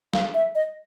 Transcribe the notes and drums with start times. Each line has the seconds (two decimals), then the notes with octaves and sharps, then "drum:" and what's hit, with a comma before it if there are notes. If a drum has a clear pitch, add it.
0.13 F5, drum: snare
0.34 E5
0.55 D#5